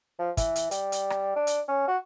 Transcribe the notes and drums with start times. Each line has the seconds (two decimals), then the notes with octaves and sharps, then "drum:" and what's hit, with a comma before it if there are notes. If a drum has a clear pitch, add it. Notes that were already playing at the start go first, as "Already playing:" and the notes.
0.19 F3
0.37 E3, drum: kick, hi-hat
0.56 drum: hi-hat
0.71 G3, drum: hi-hat
0.92 drum: hi-hat
1.10 drum: rim click
1.36 D4
1.47 drum: hi-hat
1.68 C#4
1.87 F#4